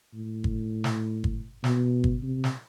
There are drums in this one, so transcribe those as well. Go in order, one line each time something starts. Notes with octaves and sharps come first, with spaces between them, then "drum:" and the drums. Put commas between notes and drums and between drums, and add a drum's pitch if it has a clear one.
A2
drum: kick G1
drum: snare
drum: kick G1
B2, drum: snare
drum: kick G1
C3
drum: snare